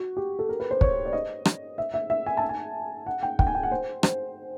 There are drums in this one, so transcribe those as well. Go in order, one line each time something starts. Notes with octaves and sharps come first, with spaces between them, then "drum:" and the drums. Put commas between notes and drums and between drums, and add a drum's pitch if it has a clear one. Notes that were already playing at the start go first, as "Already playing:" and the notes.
Already playing: F#4
G4
A4
A#4
B4
C5
C#5, drum: kick
D5
D#5
drum: rim click
E5
E5
E5
G#5
A5
G#5
F#5
G5
G5, drum: kick
G#5
G5
F#5
C5
C5, drum: rim click